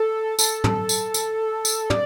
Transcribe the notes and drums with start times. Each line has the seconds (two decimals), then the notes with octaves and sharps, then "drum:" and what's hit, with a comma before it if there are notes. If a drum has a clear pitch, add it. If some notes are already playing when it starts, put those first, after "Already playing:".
Already playing: A4
0.39 A4, drum: tambourine
0.64 drum: tom
0.89 drum: tambourine
1.14 drum: tambourine
1.65 drum: tambourine
1.90 D5, drum: tom